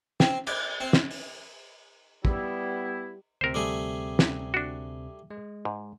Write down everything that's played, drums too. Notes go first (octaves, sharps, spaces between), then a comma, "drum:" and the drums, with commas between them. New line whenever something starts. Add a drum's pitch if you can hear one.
C4, drum: snare
D5, drum: cymbal
C4
drum: snare
drum: open hi-hat
G3 B3 E4, drum: kick
D2 C3 C4 A#4 C5
G3 A3 G#4
drum: snare
D4 F#4
G#3
G#2